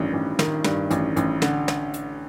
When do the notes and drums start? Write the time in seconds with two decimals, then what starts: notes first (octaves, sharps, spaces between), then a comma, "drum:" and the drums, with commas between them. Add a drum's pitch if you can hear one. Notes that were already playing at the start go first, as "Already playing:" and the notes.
Already playing: A1 G2 D#3
0.13 A1
0.39 D#3, drum: snare
0.64 G2, drum: snare
0.91 A1, drum: hi-hat
1.16 A1, drum: hi-hat
1.42 D3, drum: snare
1.68 drum: snare
1.94 drum: hi-hat